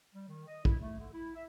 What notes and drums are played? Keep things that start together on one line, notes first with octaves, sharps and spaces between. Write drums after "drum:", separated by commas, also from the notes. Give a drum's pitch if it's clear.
G3
D#3
D#5
E4, drum: kick
A3
D3
E4
E5